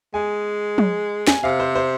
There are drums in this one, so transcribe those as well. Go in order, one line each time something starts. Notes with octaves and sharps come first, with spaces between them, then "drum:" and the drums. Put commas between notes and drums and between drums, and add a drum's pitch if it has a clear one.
G#3 G#5
drum: tom
G#5, drum: snare
C3 F5
C5
C5